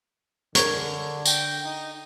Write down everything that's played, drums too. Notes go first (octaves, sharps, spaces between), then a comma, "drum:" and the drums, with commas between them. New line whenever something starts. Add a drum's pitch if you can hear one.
D3 G#4 A#4 C#5, drum: hi-hat
G5, drum: tambourine
D#4